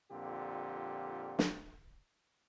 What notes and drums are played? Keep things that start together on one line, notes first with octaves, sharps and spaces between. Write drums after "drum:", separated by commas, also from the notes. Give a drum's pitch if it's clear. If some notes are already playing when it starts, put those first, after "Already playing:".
F2 A#2 D3 G4
drum: snare